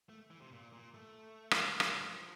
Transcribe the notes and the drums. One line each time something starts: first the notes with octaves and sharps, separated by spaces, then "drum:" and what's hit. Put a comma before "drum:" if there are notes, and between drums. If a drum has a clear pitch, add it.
A3
E3
C3
A#2
A#2
A3
drum: rim click
G3, drum: rim click
F3